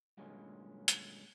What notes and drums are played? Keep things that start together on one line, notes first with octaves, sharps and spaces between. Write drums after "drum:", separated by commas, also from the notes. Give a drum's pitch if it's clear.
G2 A#2 D3 F#3 G#3 C#4
drum: hi-hat